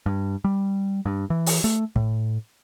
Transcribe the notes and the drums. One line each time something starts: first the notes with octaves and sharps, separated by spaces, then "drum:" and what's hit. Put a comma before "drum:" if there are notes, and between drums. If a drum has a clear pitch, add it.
G2
G3
G2
E3
drum: open hi-hat
A3
A2, drum: kick